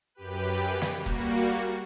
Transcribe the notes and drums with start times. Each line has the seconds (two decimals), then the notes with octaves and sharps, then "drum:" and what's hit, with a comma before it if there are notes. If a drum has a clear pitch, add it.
0.15 F#2 G4 B4
0.82 drum: snare
0.96 G3 A#3 F#4
1.06 drum: kick F1